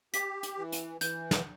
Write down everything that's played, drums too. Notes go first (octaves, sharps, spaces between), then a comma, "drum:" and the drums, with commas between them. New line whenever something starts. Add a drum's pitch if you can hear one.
G4 B6, drum: hi-hat
drum: hi-hat
E3
drum: hi-hat
E3 G6, drum: hi-hat
drum: snare